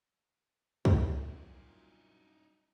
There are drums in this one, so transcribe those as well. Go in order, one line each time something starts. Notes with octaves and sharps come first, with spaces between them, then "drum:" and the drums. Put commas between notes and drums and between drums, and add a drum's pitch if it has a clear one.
C2 A#2 F#3 D#4 E4, drum: kick